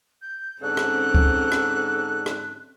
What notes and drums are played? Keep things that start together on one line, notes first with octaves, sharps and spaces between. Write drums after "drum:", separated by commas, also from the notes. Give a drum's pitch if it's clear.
G6
G#2 D3 C4 C#4 A4 F#6
drum: rim click
drum: kick
drum: rim click
drum: rim click